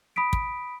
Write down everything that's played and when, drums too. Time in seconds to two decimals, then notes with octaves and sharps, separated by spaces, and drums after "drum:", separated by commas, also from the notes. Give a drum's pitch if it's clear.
0.16 B5 D#6 B6 D7
0.33 drum: kick